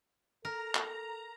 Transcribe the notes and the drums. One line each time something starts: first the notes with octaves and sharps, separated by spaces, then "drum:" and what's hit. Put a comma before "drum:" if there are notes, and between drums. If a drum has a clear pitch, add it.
A4 A#4 A#5
drum: clap